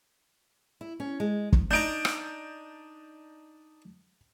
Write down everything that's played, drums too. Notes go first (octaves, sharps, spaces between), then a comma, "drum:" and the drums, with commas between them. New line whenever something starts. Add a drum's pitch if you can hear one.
E4
C#4
G#3
drum: kick
D4 D#4 A#5 G6 D7
drum: rim click